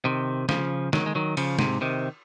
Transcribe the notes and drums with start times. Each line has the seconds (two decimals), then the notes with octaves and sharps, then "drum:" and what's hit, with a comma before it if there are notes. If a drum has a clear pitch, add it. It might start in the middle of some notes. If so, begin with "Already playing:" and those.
0.05 C3 D#3
0.49 C#3 F3, drum: snare
0.93 D#3 F#3, drum: snare
1.06 G#3
1.15 D#3 F#3
1.37 C#3 F3, drum: cymbal
1.59 G#2 C3, drum: snare
1.81 C3 D#3